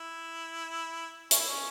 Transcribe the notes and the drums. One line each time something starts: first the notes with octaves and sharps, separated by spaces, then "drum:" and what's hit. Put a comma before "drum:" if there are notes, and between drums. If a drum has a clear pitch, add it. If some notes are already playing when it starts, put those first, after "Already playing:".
Already playing: E4
C#4, drum: hi-hat
E4
C#4